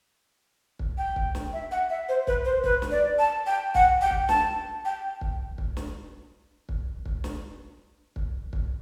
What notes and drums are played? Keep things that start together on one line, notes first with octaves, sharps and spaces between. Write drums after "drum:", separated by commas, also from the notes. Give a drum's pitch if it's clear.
drum: kick
G5
drum: kick
drum: snare
E5
F#5
E5
C5
B4, drum: kick
C5
B4, drum: kick
drum: snare
D5
A5
G5
F#5, drum: kick
G5
drum: kick
A5, drum: snare
G5
drum: kick
drum: kick
drum: snare
drum: kick
drum: kick
drum: snare
drum: kick
drum: kick